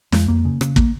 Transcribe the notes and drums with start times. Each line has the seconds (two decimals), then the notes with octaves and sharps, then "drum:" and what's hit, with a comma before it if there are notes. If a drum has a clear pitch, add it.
0.12 F2 G#3, drum: snare
0.28 F2 A#3
0.45 C#3
0.61 C#3, drum: rim click
0.76 A#3, drum: kick